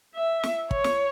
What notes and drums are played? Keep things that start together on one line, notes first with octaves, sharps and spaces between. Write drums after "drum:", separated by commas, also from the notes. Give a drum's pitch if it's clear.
E5
drum: snare
C#5, drum: kick
drum: snare